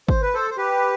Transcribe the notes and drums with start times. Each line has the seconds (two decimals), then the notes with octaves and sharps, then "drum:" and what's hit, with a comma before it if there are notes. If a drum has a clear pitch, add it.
0.09 C5, drum: kick G#1
0.22 B4
0.34 A4 C5
0.51 C5
0.57 G4 B4